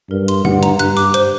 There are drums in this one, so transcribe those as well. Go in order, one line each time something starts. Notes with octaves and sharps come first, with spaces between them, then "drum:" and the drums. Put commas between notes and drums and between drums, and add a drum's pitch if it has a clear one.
G2 A#4
C6, drum: hi-hat
G2 F#5, drum: tom C#3
A#5, drum: hi-hat
G2 F#6, drum: hi-hat
D6, drum: open hi-hat
C5, drum: hi-hat